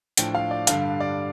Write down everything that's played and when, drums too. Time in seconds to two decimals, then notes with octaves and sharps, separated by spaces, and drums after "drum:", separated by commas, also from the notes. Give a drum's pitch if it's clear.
0.17 A2 F3 D4 G5, drum: hi-hat
0.35 F5
0.51 D5
0.67 G2 D3 G3 D4 F5, drum: hi-hat
1.00 D5